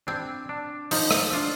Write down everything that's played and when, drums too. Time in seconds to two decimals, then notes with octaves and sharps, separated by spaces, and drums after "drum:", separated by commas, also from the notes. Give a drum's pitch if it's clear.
0.07 C4 D4
0.49 D4
0.91 F3 D#4, drum: open hi-hat
1.11 drum: rim click
1.33 D4 F4